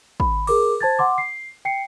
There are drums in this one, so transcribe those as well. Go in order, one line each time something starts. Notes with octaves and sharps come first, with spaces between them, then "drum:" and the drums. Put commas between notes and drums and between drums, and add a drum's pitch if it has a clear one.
B5, drum: kick
G#4 A#4 D6, drum: cymbal
C5 A5 G#6 A6
F#5 C6 D6
C7
G5 C7 C#7